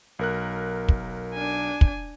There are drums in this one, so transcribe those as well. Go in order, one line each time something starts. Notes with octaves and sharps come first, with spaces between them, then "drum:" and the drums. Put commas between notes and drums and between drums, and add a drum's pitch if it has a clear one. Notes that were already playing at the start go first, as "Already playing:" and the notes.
B1 A#4 F#6
drum: kick
D4 G#5
drum: kick